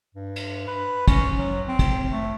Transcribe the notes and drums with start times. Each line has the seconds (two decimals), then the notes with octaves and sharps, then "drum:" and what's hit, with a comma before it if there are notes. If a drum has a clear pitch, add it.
0.15 G2
0.36 drum: cymbal
0.68 B4
1.08 C#4, drum: kick, cymbal
1.38 F#3
1.68 C4
1.79 drum: kick, cymbal
2.11 A3